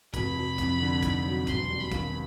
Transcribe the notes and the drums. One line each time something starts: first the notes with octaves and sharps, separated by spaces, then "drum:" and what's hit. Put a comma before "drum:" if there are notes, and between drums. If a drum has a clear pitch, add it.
F1 B5, drum: kick, hi-hat
F1
F2, drum: kick, hi-hat
D3
D#4, drum: kick, hi-hat
F#3
E1 C6, drum: kick, hi-hat
G3
B5
D#2, drum: kick, hi-hat